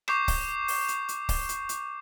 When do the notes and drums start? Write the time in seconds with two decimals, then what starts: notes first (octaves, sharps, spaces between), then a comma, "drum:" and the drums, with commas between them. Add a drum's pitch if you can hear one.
0.08 C#6 D6 G6 C7 E7, drum: rim click
0.28 drum: kick C#1, open hi-hat
0.68 drum: open hi-hat
0.88 drum: hi-hat
1.09 drum: hi-hat
1.29 drum: kick C#1, open hi-hat
1.49 drum: hi-hat
1.69 drum: hi-hat